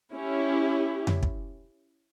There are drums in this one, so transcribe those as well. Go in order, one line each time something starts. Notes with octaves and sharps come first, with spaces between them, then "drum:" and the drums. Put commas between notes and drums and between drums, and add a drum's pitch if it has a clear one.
C#4 E4 G4
drum: tom F2
drum: kick